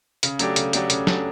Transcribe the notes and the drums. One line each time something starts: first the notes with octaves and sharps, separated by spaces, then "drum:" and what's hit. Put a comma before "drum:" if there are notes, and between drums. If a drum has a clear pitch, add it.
C#3, drum: hi-hat
F#3 A3 D4 G4, drum: hi-hat
C#3, drum: hi-hat
F#3 A3 D4 G4, drum: hi-hat
C#3, drum: hi-hat
F#3 A3 D4 G4, drum: snare